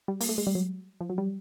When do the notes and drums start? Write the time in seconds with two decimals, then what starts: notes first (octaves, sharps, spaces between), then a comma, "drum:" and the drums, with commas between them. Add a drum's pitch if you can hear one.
0.08 G3
0.20 A#3, drum: open hi-hat
0.29 A3
0.38 G#3
0.47 G3
0.55 F#3
1.01 F3
1.10 F#3
1.18 G3